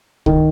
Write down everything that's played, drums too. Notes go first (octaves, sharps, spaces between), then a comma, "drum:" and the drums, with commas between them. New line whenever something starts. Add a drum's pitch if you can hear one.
D#3, drum: kick